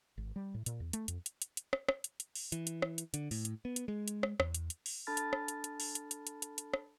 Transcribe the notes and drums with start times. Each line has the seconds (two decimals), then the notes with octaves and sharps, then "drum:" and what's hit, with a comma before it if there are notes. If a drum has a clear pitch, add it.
0.17 G#1
0.36 G3
0.54 A2
0.66 A#2, drum: hi-hat
0.80 E2
0.93 A3, drum: hi-hat
1.08 F2, drum: hi-hat
1.26 drum: hi-hat
1.42 drum: hi-hat
1.57 drum: hi-hat
1.73 drum: rim click
1.89 drum: rim click
2.04 drum: hi-hat
2.20 drum: hi-hat
2.35 drum: open hi-hat
2.52 E3, drum: hi-hat
2.67 drum: hi-hat
2.82 drum: rim click
2.98 drum: hi-hat
3.14 D3, drum: hi-hat
3.31 A2, drum: open hi-hat
3.45 drum: hi-hat
3.65 B3
3.76 drum: hi-hat
3.88 G#3
4.08 drum: hi-hat
4.23 drum: rim click
4.40 E2, drum: rim click
4.54 drum: hi-hat
4.70 drum: hi-hat
4.86 drum: open hi-hat
5.07 D4 A4 A5 B5 F6 A6
5.17 drum: hi-hat
5.33 drum: rim click
5.48 drum: hi-hat
5.64 drum: hi-hat
5.80 drum: open hi-hat
5.95 drum: hi-hat
6.11 drum: hi-hat
6.27 drum: hi-hat
6.42 drum: hi-hat
6.58 drum: hi-hat
6.74 drum: rim click